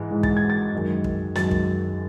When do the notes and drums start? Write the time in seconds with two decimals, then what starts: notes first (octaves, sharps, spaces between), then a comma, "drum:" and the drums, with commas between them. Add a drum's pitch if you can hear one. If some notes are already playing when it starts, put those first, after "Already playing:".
Already playing: G#2 E3 G#3
0.11 G#2 E3 G#3
0.23 A6, drum: kick
0.37 G#6
0.50 A6
0.73 F#2 D#3 G#3
1.04 drum: kick
1.35 F#2 D#3 G#3 A6, drum: snare
1.51 drum: kick